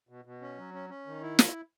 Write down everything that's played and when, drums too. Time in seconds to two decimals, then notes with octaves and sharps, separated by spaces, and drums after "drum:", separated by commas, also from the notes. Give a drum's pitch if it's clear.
0.09 B2
0.25 B2
0.41 C#4
0.58 F#3
0.74 C#4
0.90 C#4
1.07 D#3
1.22 E4
1.39 drum: snare